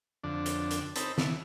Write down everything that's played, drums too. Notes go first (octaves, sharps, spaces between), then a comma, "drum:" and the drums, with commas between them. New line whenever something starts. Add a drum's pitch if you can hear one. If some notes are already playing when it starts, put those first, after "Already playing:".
F2 D3 D4
drum: hi-hat
drum: hi-hat
C4 D#4 A4 A5 B5, drum: hi-hat
E3, drum: snare